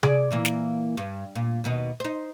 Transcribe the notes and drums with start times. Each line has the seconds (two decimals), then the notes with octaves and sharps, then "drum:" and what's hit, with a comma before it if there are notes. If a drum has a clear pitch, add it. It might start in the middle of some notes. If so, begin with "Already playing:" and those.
0.03 G#4 D5, drum: tom C3
0.31 A#2 E3 A#3
0.45 drum: snare
0.97 G2
1.35 A#2
1.64 D#2 B2 D#4
2.00 D#4 C5